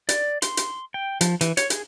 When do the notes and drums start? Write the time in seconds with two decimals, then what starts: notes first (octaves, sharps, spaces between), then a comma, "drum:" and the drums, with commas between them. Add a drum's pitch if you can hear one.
0.09 D5, drum: hi-hat
0.42 C6, drum: hi-hat
0.57 drum: hi-hat
0.94 G5
1.21 F3, drum: hi-hat
1.41 E3, drum: hi-hat
1.57 C#5, drum: hi-hat
1.70 G#4, drum: hi-hat